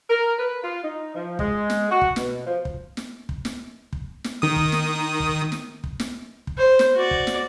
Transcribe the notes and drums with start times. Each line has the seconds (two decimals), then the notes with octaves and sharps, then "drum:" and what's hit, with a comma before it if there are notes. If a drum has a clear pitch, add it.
0.09 A#4
0.37 B4
0.63 F4
0.83 D#4
1.15 F3
1.39 G#3, drum: kick
1.70 drum: snare
1.90 F#4
2.01 drum: kick
2.16 B2, drum: snare
2.45 F3
2.65 drum: kick
2.97 drum: snare
3.29 drum: kick
3.45 drum: snare
3.93 drum: kick
4.24 drum: snare
4.42 D#3 D#6
4.56 drum: kick
4.72 drum: snare
5.20 drum: kick
5.52 drum: snare
5.84 drum: kick
6.00 drum: snare
6.47 drum: kick
6.58 C5
6.79 drum: snare
6.95 F#4 D5
7.11 drum: kick
7.27 drum: snare